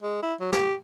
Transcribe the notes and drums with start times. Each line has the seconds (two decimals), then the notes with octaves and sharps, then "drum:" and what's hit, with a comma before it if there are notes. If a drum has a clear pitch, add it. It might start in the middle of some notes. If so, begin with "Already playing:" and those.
0.03 G#3
0.23 E4
0.41 F#3
0.52 G4, drum: snare